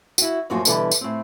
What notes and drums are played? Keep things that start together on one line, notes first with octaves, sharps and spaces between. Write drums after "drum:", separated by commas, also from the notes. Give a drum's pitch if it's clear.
E4 F#4, drum: tambourine
F#2 A2 F3 A#3 F#4
B2 D3 E3 G3, drum: tambourine
drum: tambourine
A2 C4